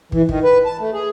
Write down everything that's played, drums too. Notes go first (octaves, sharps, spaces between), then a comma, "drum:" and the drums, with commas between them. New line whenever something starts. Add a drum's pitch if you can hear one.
E3, drum: kick
D#3, drum: kick
B4
A5
A3
G#4